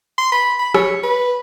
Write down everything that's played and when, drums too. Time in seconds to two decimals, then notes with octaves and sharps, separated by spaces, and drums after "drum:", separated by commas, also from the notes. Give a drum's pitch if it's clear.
0.18 C6
0.32 B5
0.60 B5
0.75 C#5, drum: rim click
1.03 B4